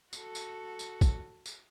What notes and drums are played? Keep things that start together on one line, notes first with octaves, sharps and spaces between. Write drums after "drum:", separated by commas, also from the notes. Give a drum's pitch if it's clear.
F#4 A4, drum: tambourine
drum: tambourine
drum: tambourine
drum: kick, tambourine
drum: tambourine